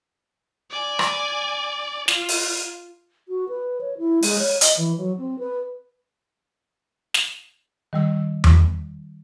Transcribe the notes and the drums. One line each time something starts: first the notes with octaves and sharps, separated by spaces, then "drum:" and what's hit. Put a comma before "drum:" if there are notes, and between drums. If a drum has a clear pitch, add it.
D5 G#5
drum: rim click
F4, drum: snare
drum: open hi-hat
F#4
B4
C#5
E4
G#3, drum: open hi-hat
C#5
D#5, drum: hi-hat
E3
F#3
C4
B4
drum: snare
D#3 G3 E6
drum: tom E2